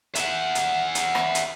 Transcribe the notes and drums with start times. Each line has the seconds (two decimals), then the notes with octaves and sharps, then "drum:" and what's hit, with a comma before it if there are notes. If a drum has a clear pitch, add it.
0.15 E5 F#5, drum: hi-hat
0.55 drum: hi-hat
0.95 drum: hi-hat
1.15 drum: rim click
1.35 drum: hi-hat